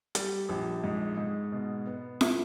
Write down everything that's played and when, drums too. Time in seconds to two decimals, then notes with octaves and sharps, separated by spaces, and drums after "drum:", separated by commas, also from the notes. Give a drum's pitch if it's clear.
0.15 G3, drum: hi-hat
0.49 A#1
0.84 G#2
1.18 G#2
1.52 B2
1.87 B3
2.21 E4, drum: snare F4